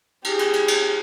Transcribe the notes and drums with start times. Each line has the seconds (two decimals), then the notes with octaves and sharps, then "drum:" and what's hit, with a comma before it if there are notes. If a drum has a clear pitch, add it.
0.24 G4 G#4, drum: cymbal
0.39 drum: cymbal
0.53 drum: cymbal
0.68 drum: cymbal